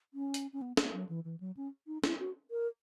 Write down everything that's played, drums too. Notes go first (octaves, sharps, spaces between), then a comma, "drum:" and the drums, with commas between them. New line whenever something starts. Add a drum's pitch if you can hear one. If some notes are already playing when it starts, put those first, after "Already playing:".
C#4
drum: hi-hat
C#4
B3
A#3, drum: snare
F#3
E3
E3
F#3
C#4
D#4
E4, drum: snare
F#4
A#4